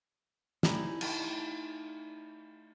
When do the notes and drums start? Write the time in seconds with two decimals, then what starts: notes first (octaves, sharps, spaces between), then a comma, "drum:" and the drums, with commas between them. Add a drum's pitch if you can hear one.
0.63 A3 D#4 E4 G4 D5 G#5, drum: snare
1.01 drum: cymbal